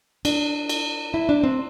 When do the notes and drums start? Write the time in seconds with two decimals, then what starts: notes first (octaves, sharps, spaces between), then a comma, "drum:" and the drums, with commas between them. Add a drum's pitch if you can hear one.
0.25 D4, drum: cymbal
0.69 drum: cymbal
1.14 E4
1.29 D4
1.44 C4